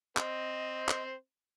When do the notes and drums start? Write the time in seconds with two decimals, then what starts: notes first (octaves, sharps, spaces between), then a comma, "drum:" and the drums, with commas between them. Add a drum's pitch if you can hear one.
0.17 C4 C5 D#5, drum: clap
0.89 drum: clap